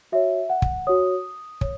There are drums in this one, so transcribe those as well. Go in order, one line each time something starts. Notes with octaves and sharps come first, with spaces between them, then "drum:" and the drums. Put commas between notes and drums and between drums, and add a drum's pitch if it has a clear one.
F#4 C#5 E5
F#5
drum: kick
F#4 C#5 D#6
C#5, drum: kick